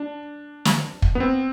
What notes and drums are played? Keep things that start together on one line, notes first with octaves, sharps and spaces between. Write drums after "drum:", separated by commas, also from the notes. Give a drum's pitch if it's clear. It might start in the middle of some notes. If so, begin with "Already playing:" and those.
Already playing: D4
drum: snare
drum: kick
B3
C4